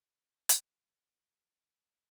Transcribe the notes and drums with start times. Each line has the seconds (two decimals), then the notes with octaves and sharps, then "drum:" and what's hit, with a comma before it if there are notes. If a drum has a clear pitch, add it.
0.02 D#4
0.49 drum: hi-hat
0.82 G4 D#5 G#5 A#5 B5